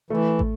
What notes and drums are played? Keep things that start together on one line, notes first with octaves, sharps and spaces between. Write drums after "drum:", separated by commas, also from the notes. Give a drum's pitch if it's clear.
E3 A3
drum: kick